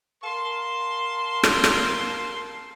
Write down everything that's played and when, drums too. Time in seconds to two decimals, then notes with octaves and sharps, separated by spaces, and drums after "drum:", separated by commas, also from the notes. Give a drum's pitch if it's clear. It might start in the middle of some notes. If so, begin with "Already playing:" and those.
0.23 A#4 F5 A5 C6
1.43 drum: rim click
1.64 drum: rim click